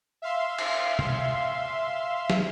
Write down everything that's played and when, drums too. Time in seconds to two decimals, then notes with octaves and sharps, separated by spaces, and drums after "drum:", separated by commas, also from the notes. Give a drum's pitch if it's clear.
0.22 E5 F5 C6
0.59 drum: cymbal
0.99 drum: tom
2.30 drum: snare